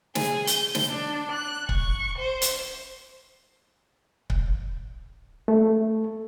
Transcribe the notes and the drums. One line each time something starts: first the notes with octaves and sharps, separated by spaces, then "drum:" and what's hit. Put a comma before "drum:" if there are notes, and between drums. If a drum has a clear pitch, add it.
G#4, drum: snare
G6, drum: hi-hat
drum: snare
D4
F#6
C#6, drum: kick C#1
C5
drum: hi-hat
drum: kick C#1
A3